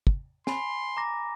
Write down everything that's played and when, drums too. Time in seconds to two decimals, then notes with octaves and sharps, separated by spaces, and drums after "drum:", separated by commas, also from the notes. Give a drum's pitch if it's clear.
0.07 drum: kick
0.47 G#5 B5 C6, drum: snare
0.97 A#5 D6 A#6